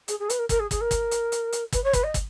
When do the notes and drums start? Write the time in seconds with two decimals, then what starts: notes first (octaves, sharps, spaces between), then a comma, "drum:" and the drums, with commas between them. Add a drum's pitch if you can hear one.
0.08 G#4, drum: hi-hat
0.19 G#4
0.30 B4, drum: hi-hat
0.39 A#4
0.49 A#4, drum: kick, hi-hat
0.60 G#4
0.71 G#4, drum: kick, hi-hat
0.81 A#4
0.91 drum: kick, hi-hat
1.11 drum: hi-hat
1.32 drum: hi-hat
1.52 drum: hi-hat
1.72 B4, drum: kick, hi-hat
1.84 C#5
1.93 B4, drum: kick, hi-hat
2.03 D#5
2.14 drum: kick, hi-hat